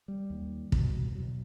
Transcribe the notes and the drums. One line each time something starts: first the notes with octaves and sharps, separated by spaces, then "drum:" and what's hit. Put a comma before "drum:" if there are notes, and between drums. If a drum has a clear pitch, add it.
G3
D#2
E2 B2, drum: kick
E2 B2 F#3